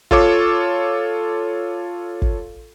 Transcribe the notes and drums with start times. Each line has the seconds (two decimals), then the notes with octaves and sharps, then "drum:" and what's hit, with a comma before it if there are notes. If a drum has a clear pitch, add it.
0.11 F4 A4 C#5 D6, drum: kick
2.22 drum: kick